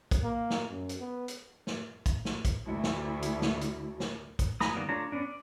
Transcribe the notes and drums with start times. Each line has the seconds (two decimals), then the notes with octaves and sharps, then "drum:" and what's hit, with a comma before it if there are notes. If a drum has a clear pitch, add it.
0.11 drum: kick, hi-hat
0.23 A#3
0.50 drum: snare
0.70 F#2
0.89 drum: hi-hat
1.00 B3
1.28 drum: hi-hat
1.67 drum: snare
2.06 drum: kick, hi-hat
2.25 drum: snare
2.45 drum: kick, hi-hat
2.66 D2 E4 F#4
2.84 drum: snare
3.22 drum: hi-hat
3.42 drum: snare
3.61 drum: hi-hat
4.00 drum: snare
4.39 drum: kick, hi-hat
4.61 G#5 A#5 B5 D#6, drum: snare
4.74 D#3 F3 G3 A#3 B3
4.89 A3 D4 F4 C#5 A#5
5.12 B3 C#4 D4
5.26 D5